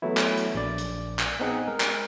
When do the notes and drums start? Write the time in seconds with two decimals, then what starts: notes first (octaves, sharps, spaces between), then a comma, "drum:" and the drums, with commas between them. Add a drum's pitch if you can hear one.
0.02 E3 F#3 A3 B3 E4
0.17 drum: clap
0.37 drum: hi-hat
0.55 A#1 D5
0.78 drum: hi-hat
1.19 drum: clap
1.39 B3 C4 D#4 G#4 F#5
1.67 G#3 A#4
1.80 drum: clap